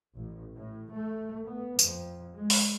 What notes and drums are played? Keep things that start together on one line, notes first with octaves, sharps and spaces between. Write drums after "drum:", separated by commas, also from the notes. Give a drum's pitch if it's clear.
A1
A2
A3
B3
F2, drum: tambourine
G#3
drum: open hi-hat